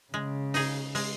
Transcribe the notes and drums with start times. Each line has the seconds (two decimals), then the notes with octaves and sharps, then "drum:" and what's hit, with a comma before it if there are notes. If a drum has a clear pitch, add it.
0.14 C#3 G#3
0.54 D#4 G#4, drum: open hi-hat
0.95 G#3, drum: open hi-hat